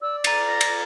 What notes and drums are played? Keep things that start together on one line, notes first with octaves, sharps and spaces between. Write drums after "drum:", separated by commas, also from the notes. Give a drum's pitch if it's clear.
D5 E6
A#5 A6 D#7, drum: cymbal
A#6
drum: cymbal